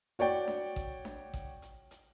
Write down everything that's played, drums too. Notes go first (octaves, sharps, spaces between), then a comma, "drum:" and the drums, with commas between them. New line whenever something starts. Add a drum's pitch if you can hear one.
F#4 C#5 D5 G5, drum: hi-hat
drum: snare D4
drum: kick A1, hi-hat
drum: snare D4
drum: kick A1, hi-hat
drum: hi-hat
drum: hi-hat